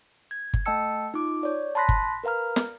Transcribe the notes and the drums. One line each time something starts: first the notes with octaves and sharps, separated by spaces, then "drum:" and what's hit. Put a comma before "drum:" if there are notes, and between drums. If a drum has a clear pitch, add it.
G#6
drum: kick G1
A3 D#5 G5 A5 E6 C#7
D#4 F4 D6
C#5 D5
A5 B5 C6 F#6 A#6 B6
drum: kick G1
A#4 B4 F5 A#5 F6
drum: snare